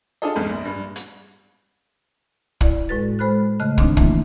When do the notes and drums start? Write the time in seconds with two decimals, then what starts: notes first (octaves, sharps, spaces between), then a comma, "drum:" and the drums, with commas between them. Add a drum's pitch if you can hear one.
0.22 D4 D#4 F4 G#4 A4 D#5
0.36 B1 F2 G#2
0.49 A#1
0.65 G2
0.96 drum: hi-hat
2.61 E4 D5, drum: kick
2.89 A2 G#3 F#4 B4 A6
3.19 G#3 A4 C5 B5 F6 F#6
3.60 C#3 A3 D#5 F6 F#6
3.78 D#3 A3 C4 D4 D#4, drum: kick
3.97 E3 A3 A#3 C#4 E4, drum: kick